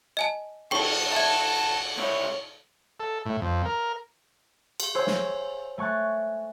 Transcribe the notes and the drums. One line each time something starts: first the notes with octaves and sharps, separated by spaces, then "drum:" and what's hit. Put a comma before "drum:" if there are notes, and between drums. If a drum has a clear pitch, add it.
D#5 G#5 A5
F#4 A4 G5 C#6, drum: cymbal
E5 A5 G#6
C2 E4 C#5
A4
A2
F2
A#4
drum: cymbal
C5 C#5 G#5 E6
drum: snare
A3 G#5 C#6 F#6 A6